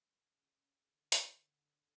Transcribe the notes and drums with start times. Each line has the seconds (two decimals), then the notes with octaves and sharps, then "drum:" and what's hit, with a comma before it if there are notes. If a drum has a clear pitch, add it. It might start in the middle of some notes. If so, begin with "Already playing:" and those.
Already playing: C#3
0.77 D3
1.12 drum: hi-hat